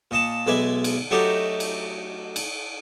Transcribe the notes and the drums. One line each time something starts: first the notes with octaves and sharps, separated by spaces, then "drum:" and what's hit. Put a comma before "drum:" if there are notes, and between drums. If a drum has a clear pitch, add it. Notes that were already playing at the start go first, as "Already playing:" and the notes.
A#2 D#5 A5
B1 G#3 E4 B4 D5 G#5
drum: cymbal
F#3 A3 D4 D#4 F#4 G4
drum: cymbal
drum: cymbal